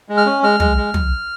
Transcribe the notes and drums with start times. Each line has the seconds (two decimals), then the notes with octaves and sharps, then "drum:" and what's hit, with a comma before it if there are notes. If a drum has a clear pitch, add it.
0.09 G#3
0.17 F6
0.26 C#4
0.43 G#3 F6
0.60 G#3, drum: tom
0.77 G#3
0.94 drum: tom